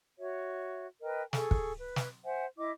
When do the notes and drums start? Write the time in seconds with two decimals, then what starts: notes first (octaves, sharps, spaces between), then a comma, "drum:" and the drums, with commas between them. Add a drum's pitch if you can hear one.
0.19 F#4 C#5 E5
1.02 A#4 B4 D#5 G5
1.33 G#4 A4 G#5 C#6, drum: snare
1.51 drum: kick
1.78 B4
1.96 drum: snare
2.25 C5 E5 F#5 G#5
2.58 E4 D#5 D6